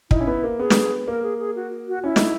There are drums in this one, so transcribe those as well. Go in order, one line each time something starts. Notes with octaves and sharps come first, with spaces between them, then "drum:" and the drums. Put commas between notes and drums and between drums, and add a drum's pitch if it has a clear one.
D#4 E4, drum: kick
C#4
B3
A#3
B3 G#4
drum: snare
A#3 A#4
G#4
G#4
F#4
F#4
C#4 E4
D#4, drum: snare